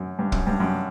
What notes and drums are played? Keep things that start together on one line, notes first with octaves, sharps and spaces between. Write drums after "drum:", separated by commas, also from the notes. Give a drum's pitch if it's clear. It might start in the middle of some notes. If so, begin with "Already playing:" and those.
Already playing: F#2
G2
F#2, drum: kick
G2
F#2